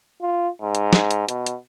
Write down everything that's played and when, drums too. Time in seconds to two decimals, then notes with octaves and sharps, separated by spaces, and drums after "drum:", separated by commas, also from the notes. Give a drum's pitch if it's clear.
0.21 F4
0.62 G#2
0.75 drum: hi-hat
0.93 drum: snare
1.11 drum: hi-hat
1.29 B2, drum: hi-hat
1.46 drum: hi-hat